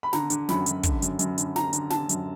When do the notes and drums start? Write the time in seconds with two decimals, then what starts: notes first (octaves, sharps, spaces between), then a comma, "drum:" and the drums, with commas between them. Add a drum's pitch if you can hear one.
0.03 B5
0.13 D3 A#5, drum: snare
0.30 D3, drum: hi-hat
0.49 F#2 B5, drum: snare
0.66 F#2, drum: hi-hat
0.83 D3, drum: kick, hi-hat
1.02 F#2, drum: hi-hat
1.19 F#2, drum: hi-hat
1.38 D3, drum: hi-hat
1.56 D3 A#5, drum: snare
1.73 D3, drum: hi-hat
1.90 D3 A5, drum: snare
2.09 F#2, drum: hi-hat